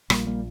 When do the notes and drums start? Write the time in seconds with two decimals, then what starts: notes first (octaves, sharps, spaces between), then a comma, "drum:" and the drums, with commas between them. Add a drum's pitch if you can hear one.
0.10 A#1 A#2 G3 A#3, drum: rim click
0.27 G3 A#3